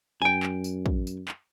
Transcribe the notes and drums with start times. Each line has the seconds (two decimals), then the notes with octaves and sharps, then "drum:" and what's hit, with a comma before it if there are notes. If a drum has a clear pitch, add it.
0.22 F#2 G5 G#5
0.43 drum: clap
0.64 drum: tambourine
0.86 drum: kick
1.07 drum: tambourine
1.28 drum: clap